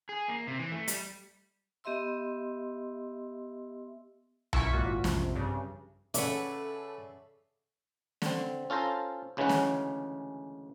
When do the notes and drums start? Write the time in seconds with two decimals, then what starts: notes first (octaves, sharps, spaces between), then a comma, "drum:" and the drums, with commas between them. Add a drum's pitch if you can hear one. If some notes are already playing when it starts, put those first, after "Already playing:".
0.09 G#4
0.28 A#3
0.47 C3
0.59 E3
0.72 A3
0.88 G3, drum: hi-hat
1.84 B3 G4 D#5 E5 C6 E6
4.53 F#2 E4 F4 C#6 B6, drum: tom B1
4.72 G#1 A#2 F4 F#4
5.04 F2 C3, drum: snare
5.35 G2 C#3
6.14 C#3 A4 B4 C#5 D5 E5 F#5, drum: hi-hat
8.22 D3 C4, drum: snare
8.70 C#4 F4 A4 C5 A#5
9.37 D2 C#3 E3 G#3 C#4 F#5
9.49 drum: snare